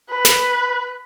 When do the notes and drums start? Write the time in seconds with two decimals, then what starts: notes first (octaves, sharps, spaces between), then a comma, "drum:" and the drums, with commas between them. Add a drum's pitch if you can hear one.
0.10 B4
0.25 drum: snare